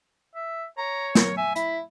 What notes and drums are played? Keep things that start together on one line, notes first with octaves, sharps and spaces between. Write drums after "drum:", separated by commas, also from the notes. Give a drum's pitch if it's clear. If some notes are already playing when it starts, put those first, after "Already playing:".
E5
C#5 A#5
A#4, drum: snare
E5 G#5
E4 B5, drum: hi-hat